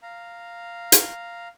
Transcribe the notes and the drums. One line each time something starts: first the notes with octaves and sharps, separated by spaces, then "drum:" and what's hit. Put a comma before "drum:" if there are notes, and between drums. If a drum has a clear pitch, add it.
F5 A#5
drum: hi-hat